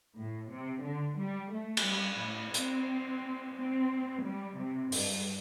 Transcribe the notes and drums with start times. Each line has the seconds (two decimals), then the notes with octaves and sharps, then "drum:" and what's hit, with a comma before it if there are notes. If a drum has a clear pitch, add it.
0.18 A2
0.51 C3
0.84 D3
1.19 G3
1.53 A3
1.77 drum: cymbal
1.87 G3
2.21 A2
2.54 C4, drum: hi-hat
3.56 C4
4.24 G3
4.58 C3
4.92 G2, drum: open hi-hat